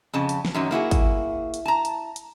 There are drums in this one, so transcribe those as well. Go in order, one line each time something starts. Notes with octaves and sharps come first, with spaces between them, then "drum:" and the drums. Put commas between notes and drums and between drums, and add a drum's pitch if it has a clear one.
F2 C#3 A5
drum: hi-hat
drum: snare
F#2 D#3 F#3
A#3 E4 F#4 G#4
drum: kick, hi-hat
drum: hi-hat
A5 A#5
drum: hi-hat
drum: hi-hat